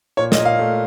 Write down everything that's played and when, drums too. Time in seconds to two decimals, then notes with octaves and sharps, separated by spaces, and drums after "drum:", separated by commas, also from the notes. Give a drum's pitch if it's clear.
0.17 A#2 C#5
0.32 D#5, drum: snare
0.38 A#2
0.45 F5
0.59 A3